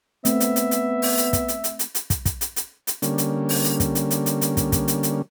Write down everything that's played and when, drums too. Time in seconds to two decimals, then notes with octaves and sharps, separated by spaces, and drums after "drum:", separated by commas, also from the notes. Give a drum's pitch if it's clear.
0.25 A3 B3 C4 E5, drum: hi-hat
0.40 drum: hi-hat
0.56 drum: hi-hat
0.71 drum: hi-hat
1.02 drum: open hi-hat
1.17 drum: hi-hat
1.33 drum: kick, hi-hat
1.48 drum: hi-hat
1.64 drum: hi-hat
1.79 drum: hi-hat
1.95 drum: hi-hat
2.10 drum: kick, hi-hat
2.25 drum: kick, hi-hat
2.41 drum: hi-hat
2.56 drum: hi-hat
2.87 drum: hi-hat
3.02 D3 G3 A#3 C#4, drum: hi-hat
3.18 drum: hi-hat
3.49 drum: open hi-hat
3.64 drum: hi-hat
3.80 drum: kick, hi-hat
3.95 drum: hi-hat
4.11 drum: hi-hat
4.26 drum: hi-hat
4.41 drum: hi-hat
4.57 drum: kick, hi-hat
4.72 drum: kick, hi-hat
4.88 drum: hi-hat
5.03 drum: hi-hat